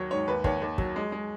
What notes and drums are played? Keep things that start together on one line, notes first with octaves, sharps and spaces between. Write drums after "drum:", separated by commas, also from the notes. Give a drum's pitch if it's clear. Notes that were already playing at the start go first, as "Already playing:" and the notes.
Already playing: D#2 F#3 C#5
G#2 C#5
D#2 B4
D#2 C#5, drum: kick
D#2
F#3, drum: kick
G#3
G#3